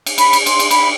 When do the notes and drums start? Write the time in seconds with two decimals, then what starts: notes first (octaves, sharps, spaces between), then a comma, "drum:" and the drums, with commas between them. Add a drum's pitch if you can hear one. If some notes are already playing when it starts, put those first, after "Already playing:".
0.06 drum: cymbal
0.18 B5, drum: cymbal
0.33 drum: cymbal
0.46 C6, drum: cymbal
0.59 drum: cymbal
0.71 B5, drum: cymbal